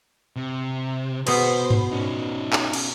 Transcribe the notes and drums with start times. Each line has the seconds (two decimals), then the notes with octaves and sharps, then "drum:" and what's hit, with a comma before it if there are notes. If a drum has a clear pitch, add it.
0.36 C3
1.27 B2 B3 C5, drum: cymbal
1.70 drum: tom G#2
1.92 C#4 D#4
2.53 drum: clap
2.73 drum: cymbal